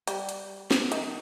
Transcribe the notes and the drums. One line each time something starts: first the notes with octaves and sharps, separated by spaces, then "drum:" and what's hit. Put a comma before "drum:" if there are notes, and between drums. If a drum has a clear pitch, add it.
G3, drum: hi-hat
drum: hi-hat
drum: snare
D#3, drum: hi-hat